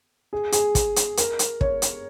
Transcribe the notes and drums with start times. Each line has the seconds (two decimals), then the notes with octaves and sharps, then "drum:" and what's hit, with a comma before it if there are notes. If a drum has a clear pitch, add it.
0.33 G#4
0.52 G#4, drum: hi-hat
0.75 drum: kick, hi-hat
0.96 drum: hi-hat
1.17 A#4, drum: hi-hat
1.39 drum: hi-hat
1.61 C#5, drum: kick
1.82 drum: hi-hat